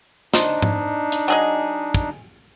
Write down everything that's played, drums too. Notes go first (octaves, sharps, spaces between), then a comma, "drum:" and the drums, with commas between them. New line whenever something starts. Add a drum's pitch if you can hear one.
D4 D#4 C5 D#5, drum: snare
drum: tom G#2
drum: hi-hat
F#3 G#4 D#5
drum: kick